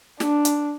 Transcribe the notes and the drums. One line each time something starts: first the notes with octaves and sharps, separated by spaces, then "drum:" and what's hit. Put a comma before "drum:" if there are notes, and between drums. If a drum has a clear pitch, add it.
D4, drum: snare
drum: hi-hat